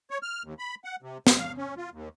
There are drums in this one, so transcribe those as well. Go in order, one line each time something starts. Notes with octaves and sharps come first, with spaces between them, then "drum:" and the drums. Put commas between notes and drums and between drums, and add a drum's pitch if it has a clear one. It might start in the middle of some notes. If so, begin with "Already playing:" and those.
C#5
F6
D#2
B5
F#5
C3
F2, drum: snare
F5
C#4
F4
D#2